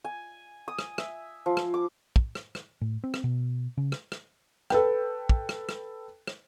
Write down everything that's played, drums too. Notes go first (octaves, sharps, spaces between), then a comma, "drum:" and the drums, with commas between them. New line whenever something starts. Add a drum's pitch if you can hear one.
G#5
D#6
drum: rim click
E5, drum: rim click
F3
drum: rim click
D6
drum: kick
drum: rim click
drum: rim click
A2
C4
drum: rim click
B2
C#3
drum: rim click
drum: rim click
A4 B4 G5, drum: rim click
drum: kick
drum: rim click
drum: rim click
drum: rim click